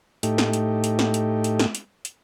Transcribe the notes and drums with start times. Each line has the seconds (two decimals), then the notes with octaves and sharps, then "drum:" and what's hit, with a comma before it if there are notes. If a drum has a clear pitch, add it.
0.23 A2 A3 D#4 G4, drum: hi-hat
0.38 drum: snare
0.53 drum: hi-hat
0.84 drum: hi-hat
0.99 drum: snare
1.14 drum: hi-hat
1.44 drum: hi-hat
1.59 drum: snare
1.75 drum: hi-hat
2.05 drum: hi-hat